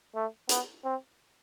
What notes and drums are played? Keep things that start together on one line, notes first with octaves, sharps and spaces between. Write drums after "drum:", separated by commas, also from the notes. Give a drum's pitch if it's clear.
A3
B3, drum: hi-hat
C4